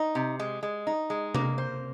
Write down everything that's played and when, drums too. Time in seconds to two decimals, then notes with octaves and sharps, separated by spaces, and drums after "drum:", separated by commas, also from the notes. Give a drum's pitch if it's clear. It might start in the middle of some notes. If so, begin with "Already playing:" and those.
Already playing: D#4
0.15 C3
0.39 G#3
0.63 G#3
0.87 D#4
1.10 G#3
1.35 A#3, drum: tom C3
1.58 C5